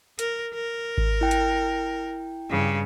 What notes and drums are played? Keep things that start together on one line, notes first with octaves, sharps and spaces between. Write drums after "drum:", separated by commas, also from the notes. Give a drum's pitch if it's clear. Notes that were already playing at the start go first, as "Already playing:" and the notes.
A#4, drum: hi-hat
A#4
drum: kick G#1
E4 G5
drum: hi-hat
G2 C#3